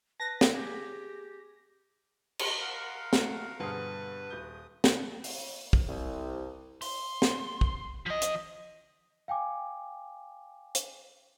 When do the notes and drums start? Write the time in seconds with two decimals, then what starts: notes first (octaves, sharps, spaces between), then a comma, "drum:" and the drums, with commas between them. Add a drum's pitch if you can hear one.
0.20 B4 A5 A#6
0.41 drum: snare
0.54 G4 G#4
2.39 drum: cymbal
2.61 A#4 F5 F#5
3.13 A3 F#4, drum: snare
3.60 G2 B2 D3 G#4 B4 C5
4.30 D#1 D#6 G6
4.84 drum: snare
5.24 drum: open hi-hat
5.73 drum: kick
5.88 C2
6.81 C6, drum: open hi-hat
7.22 drum: snare
7.61 drum: kick
8.06 F3 D#5
8.22 drum: hi-hat
9.28 F5 G5 G#5 D6
10.75 drum: hi-hat